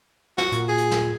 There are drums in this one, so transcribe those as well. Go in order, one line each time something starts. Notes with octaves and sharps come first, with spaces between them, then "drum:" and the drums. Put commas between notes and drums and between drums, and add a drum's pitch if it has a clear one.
F#4, drum: snare
A#2, drum: hi-hat
G#4
drum: hi-hat
drum: snare